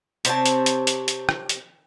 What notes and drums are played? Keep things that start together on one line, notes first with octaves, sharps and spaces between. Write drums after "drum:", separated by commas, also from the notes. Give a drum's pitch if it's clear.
C3 C4 C#5 A5, drum: hi-hat
drum: hi-hat
drum: hi-hat
drum: hi-hat
drum: hi-hat
drum: rim click
drum: hi-hat